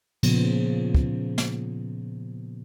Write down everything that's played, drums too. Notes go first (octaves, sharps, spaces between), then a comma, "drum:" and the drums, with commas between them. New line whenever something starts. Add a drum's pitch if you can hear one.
A#2 C#3 F3 B3, drum: cymbal
drum: kick
drum: snare